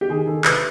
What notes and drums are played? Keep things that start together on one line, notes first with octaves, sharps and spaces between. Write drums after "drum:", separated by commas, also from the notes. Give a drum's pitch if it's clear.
G4
D#3 G#4
D#3 A4
C3 B4, drum: clap